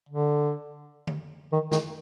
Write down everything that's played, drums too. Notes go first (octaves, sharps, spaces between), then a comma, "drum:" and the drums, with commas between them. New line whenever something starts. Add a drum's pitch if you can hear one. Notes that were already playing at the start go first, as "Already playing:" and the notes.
D3
drum: tom D3
D#3
D#3, drum: snare